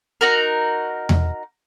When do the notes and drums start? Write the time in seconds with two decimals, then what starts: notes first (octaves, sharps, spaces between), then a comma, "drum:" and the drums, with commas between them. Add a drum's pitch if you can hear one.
0.21 D#4 F#4 A#4
1.09 drum: tom E2